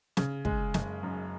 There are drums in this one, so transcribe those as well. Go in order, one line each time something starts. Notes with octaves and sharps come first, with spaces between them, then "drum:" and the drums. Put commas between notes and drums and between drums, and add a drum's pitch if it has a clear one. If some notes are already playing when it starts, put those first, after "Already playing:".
C#3, drum: snare
G#3, drum: kick
F#1, drum: snare
F#2